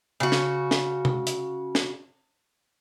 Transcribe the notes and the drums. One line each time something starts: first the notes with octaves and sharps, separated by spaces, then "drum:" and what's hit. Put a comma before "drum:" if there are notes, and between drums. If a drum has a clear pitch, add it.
C#3 F#4
drum: snare
drum: snare
drum: tom
drum: hi-hat
drum: snare